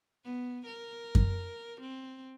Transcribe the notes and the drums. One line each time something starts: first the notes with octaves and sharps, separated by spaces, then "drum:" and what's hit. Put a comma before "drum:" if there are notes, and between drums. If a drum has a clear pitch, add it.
B3
A#4
drum: kick F#2
C4